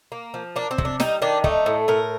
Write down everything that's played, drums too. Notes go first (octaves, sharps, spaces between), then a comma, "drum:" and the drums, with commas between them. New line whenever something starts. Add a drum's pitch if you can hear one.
A#3
F3
A#3 D4
C4
C3, drum: kick
D4
G3 D#4, drum: snare
D#3 D4
A3 D#4, drum: kick
A2
A2 A#4